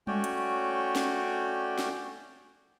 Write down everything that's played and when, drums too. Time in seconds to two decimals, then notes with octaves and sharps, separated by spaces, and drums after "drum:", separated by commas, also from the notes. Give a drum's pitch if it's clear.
0.07 A3 C#4 F#4 C#5 D5 G5, drum: tom G3
0.24 drum: hi-hat
0.96 drum: snare
1.78 drum: snare